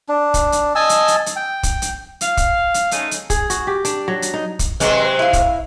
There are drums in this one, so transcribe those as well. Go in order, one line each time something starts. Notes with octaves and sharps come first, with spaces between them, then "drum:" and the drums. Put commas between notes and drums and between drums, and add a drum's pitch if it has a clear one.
D4
drum: kick, hi-hat
drum: hi-hat
D#5 G#5 A5 E6
drum: hi-hat
drum: hi-hat
drum: hi-hat
G5
drum: kick, hi-hat
drum: hi-hat
F5, drum: hi-hat
drum: kick, hi-hat
drum: hi-hat
G#3 A3 C#4 D#4, drum: hi-hat
drum: hi-hat
G#4, drum: kick, hi-hat
F#4, drum: hi-hat
G4
D4, drum: hi-hat
F#3
drum: hi-hat
D#4
drum: kick, hi-hat
C3 E3 F#3 G#3 D#5, drum: hi-hat
C5
E4 F5
drum: kick, hi-hat